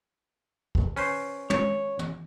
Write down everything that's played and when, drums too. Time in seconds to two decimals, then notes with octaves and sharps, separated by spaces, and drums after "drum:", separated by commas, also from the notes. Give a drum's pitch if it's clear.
0.75 drum: kick
0.96 C#4 B4 C5, drum: open hi-hat
1.50 C#5, drum: tom
1.99 drum: tom